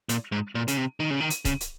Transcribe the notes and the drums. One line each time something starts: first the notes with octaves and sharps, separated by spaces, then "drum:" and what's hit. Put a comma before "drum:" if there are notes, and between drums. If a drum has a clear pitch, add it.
A#2, drum: hi-hat
G#2
A#2
C#3, drum: hi-hat
C3
D#3
C#3
D#3
drum: hi-hat
C#3, drum: kick C#1, hi-hat
drum: hi-hat